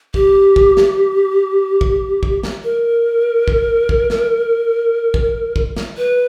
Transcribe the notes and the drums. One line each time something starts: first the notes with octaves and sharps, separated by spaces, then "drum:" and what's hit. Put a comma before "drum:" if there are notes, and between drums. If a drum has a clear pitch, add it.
G4, drum: kick
drum: kick
drum: snare
drum: kick
drum: kick
drum: snare
A#4
drum: kick
drum: kick
drum: snare
drum: kick
drum: kick
drum: snare
B4